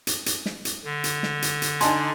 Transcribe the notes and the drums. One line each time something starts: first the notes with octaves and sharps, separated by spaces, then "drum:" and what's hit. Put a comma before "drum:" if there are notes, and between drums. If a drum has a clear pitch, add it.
drum: hi-hat
drum: hi-hat
drum: snare
drum: hi-hat
D3
drum: hi-hat
drum: snare
drum: hi-hat
drum: hi-hat
D4 D#4 G#5 C6, drum: hi-hat